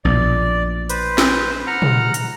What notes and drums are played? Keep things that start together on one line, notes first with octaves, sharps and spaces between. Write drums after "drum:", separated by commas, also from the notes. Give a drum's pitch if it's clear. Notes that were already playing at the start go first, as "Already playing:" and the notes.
A#1 B2 D5
B4 C5, drum: hi-hat
drum: snare C4
F#5 A#5 F6
drum: tom
drum: hi-hat